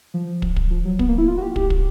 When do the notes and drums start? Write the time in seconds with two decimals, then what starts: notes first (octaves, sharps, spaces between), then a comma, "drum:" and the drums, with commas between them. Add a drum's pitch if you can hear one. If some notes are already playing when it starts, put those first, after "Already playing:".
0.14 F3
0.42 drum: kick
0.56 drum: kick
0.70 F3
0.85 F#3
0.99 B3, drum: kick
1.09 A#3
1.18 E4
1.28 F4
1.38 F#4
1.42 G4
1.56 G4, drum: kick
1.70 drum: kick